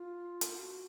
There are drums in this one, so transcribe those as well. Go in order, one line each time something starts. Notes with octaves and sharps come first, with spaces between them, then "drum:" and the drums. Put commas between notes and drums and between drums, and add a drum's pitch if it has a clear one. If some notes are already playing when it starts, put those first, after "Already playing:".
Already playing: F4
drum: hi-hat
F#4